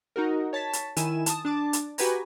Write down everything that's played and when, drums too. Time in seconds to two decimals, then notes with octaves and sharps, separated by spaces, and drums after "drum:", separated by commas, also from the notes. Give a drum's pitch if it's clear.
0.16 D#4 F#4 A#4
0.53 C#5 A5 A6 B6
0.73 drum: hi-hat
0.97 D#3 E4 G#5 E7, drum: hi-hat
1.26 A5 D#6, drum: hi-hat
1.45 D4 A5 D6
1.73 drum: hi-hat
1.98 F#4 G4 B4 G#5 A#5, drum: open hi-hat